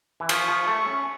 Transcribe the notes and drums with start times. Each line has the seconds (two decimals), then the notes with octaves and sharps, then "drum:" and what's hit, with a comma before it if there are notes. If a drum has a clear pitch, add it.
0.20 E3
0.29 F3 C#6, drum: cymbal
0.48 F3
0.67 A3
0.86 C#4